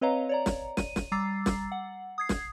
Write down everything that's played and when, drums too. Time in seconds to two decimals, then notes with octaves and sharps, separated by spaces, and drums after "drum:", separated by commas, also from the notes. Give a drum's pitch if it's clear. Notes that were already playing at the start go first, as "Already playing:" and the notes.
0.01 C4 B4 C#5 D#5 F5 A#5
0.29 C#5 D5 A#5
0.46 drum: snare
0.77 D#7, drum: snare
0.96 drum: snare
1.12 G3 A#5 D6 E6 A6 C7
1.46 drum: snare
1.72 F#5
2.18 D#6 G#6 C7
2.29 drum: snare